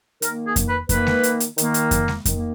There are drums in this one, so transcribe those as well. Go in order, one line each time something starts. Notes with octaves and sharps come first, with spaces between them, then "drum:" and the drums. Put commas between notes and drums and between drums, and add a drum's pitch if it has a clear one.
D#3 A#3 A#4, drum: hi-hat
G#4
drum: kick F2, hi-hat
B4
D#3 A#3 B4, drum: kick F2, hi-hat
drum: snare G#3
drum: hi-hat
drum: hi-hat
D#3 A#3, drum: hi-hat
drum: hi-hat
drum: kick F2, hi-hat
drum: snare G#3
D#3 A#3, drum: kick F2, hi-hat